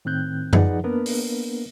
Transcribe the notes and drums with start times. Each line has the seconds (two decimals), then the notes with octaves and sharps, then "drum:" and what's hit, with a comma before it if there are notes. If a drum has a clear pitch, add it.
0.05 A2 D#3 C4 F#6 G6
0.53 F3 D#4 G#4 B4 D5 F#5, drum: tom F#2
0.84 A#3 B3 D4 A#4 B4
1.06 drum: open hi-hat